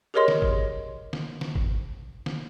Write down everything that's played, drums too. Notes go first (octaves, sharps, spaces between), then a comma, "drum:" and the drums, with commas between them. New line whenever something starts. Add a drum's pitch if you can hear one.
G4 G#4 A#4 C#5 D#5 C6
drum: snare
drum: kick
drum: snare
drum: snare
drum: kick
drum: snare